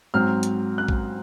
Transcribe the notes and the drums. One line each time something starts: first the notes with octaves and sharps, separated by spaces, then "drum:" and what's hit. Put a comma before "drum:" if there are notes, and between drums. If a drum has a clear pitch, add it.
G#2 F#3 C4 F6
drum: hi-hat
F#6
drum: kick